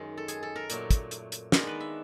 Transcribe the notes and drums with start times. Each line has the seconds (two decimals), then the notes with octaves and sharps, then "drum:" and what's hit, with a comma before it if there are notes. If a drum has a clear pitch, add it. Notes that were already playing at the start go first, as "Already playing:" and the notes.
Already playing: F#2 D#3 G#3
0.17 A4
0.28 G#4, drum: hi-hat
0.43 A4
0.56 A#4
0.70 A#2 F#3 A3, drum: hi-hat
0.91 drum: kick, hi-hat
1.11 drum: hi-hat
1.32 drum: hi-hat
1.52 D#3 G#3 B3 D4 A#4, drum: snare
1.67 B4
1.80 E5